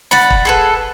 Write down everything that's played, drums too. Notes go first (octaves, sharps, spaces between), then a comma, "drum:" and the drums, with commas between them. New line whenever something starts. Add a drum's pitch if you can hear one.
D5 F#5 B5, drum: snare
drum: kick
G#4 A4 B4